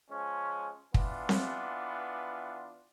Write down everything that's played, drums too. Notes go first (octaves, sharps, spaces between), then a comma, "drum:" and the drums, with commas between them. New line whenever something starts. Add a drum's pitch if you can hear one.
F3 G#3 C#4
E3 B3 D4 F4, drum: kick
drum: snare C4